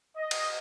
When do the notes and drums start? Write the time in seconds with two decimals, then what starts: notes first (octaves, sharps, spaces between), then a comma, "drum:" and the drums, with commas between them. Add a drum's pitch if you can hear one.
0.17 D#5
0.31 drum: cymbal